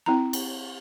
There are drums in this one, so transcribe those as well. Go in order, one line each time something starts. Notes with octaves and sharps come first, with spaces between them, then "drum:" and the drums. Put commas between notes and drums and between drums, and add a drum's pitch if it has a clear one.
C4 E4 A#5
drum: cymbal